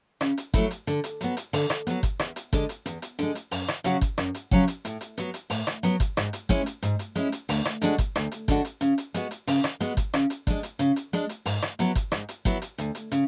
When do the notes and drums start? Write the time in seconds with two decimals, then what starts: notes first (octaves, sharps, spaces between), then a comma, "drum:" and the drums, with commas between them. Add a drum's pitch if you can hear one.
0.21 C#3, drum: rim click
0.37 drum: hi-hat
0.54 F#3 A3 E4, drum: kick G1, hi-hat
0.71 drum: hi-hat
0.87 D3, drum: hi-hat
1.04 drum: hi-hat
1.21 F#3 B3, drum: hi-hat
1.37 drum: hi-hat
1.53 D3, drum: open hi-hat
1.70 drum: rim click
1.87 F#3 B3, drum: hi-hat
2.03 drum: kick G1, hi-hat
2.19 E2, drum: rim click
2.36 drum: hi-hat
2.53 D3 G#3, drum: kick G1, hi-hat
2.69 drum: hi-hat
2.86 E2, drum: hi-hat
3.02 drum: hi-hat
3.19 D3 G#3, drum: hi-hat
3.35 drum: hi-hat
3.51 F#2, drum: open hi-hat
3.68 drum: rim click
3.84 C#3 F#3 C#4 F#4, drum: hi-hat
4.01 drum: kick G1, hi-hat
4.18 F#2, drum: rim click
4.34 drum: hi-hat
4.51 C#3 F#3 C#4 F#4, drum: kick G1
4.68 drum: hi-hat
4.85 A2, drum: hi-hat
5.01 drum: hi-hat
5.18 F#3 B3, drum: hi-hat
5.34 drum: hi-hat
5.50 A2, drum: open hi-hat
5.67 drum: rim click
5.83 F#3 B3, drum: hi-hat
6.00 drum: kick G1, hi-hat
6.17 G#2, drum: rim click
6.33 drum: hi-hat
6.49 G#3 C#4 E4, drum: kick G1, hi-hat
6.66 drum: hi-hat
6.83 G#2, drum: hi-hat
6.99 drum: hi-hat
7.15 G#3 C#4 E4, drum: hi-hat
7.32 drum: hi-hat
7.49 D2, drum: open hi-hat
7.65 drum: rim click
7.82 D3 G#3 D4 F#4, drum: hi-hat
7.98 drum: kick G1, hi-hat
8.16 D2, drum: rim click
8.32 drum: hi-hat
8.48 D3 G#3 D4 F#4, drum: kick G1, hi-hat
8.65 drum: hi-hat
8.81 C#3, drum: hi-hat
8.98 drum: hi-hat
9.14 G#3 B3 F#4, drum: hi-hat
9.31 drum: hi-hat
9.47 C#3, drum: open hi-hat
9.64 drum: rim click
9.80 G#3 B3 F#4, drum: hi-hat
9.97 drum: kick G1, hi-hat
10.14 C#3, drum: rim click
10.30 drum: hi-hat
10.47 G#3 D4, drum: kick G1, hi-hat
10.63 drum: hi-hat
10.79 C#3, drum: hi-hat
10.96 drum: hi-hat
11.13 G#3 D4, drum: hi-hat
11.29 drum: hi-hat
11.46 G#2, drum: open hi-hat
11.62 drum: rim click
11.79 F#3 B3 E4, drum: hi-hat
11.95 drum: kick G1, hi-hat
12.12 G#2, drum: rim click
12.29 drum: hi-hat
12.45 F#3 B3 E4, drum: kick G1, hi-hat
12.62 drum: hi-hat
12.78 D2, drum: hi-hat
12.95 drum: hi-hat
13.12 C#3, drum: hi-hat